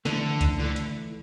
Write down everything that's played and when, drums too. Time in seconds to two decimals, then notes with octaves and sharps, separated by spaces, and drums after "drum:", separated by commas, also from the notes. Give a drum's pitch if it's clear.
0.05 F2 D3 E3 A3, drum: snare
0.41 drum: kick C#2, hi-hat
0.58 D3 E3 A3
0.76 drum: hi-hat